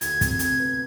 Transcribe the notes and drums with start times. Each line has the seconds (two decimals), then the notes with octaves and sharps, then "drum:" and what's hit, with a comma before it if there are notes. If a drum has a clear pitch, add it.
0.01 D2 G#6, drum: hi-hat
0.21 C3, drum: kick, hi-hat
0.39 C3, drum: hi-hat
0.59 B3